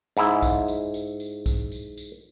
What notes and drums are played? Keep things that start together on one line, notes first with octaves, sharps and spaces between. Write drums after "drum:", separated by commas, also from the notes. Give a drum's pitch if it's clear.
G#2 E4, drum: tambourine
drum: kick B1, tambourine
drum: tambourine
drum: tambourine
drum: tambourine
drum: kick B1, tambourine
drum: tambourine
drum: tambourine